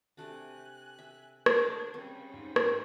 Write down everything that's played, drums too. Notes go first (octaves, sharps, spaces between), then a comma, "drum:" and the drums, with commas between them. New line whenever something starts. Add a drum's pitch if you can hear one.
C3 A3 D4 G#5 F#6
E5
D4 G#4 D#5, drum: rim click
C#3 G3 C4
G#2
drum: rim click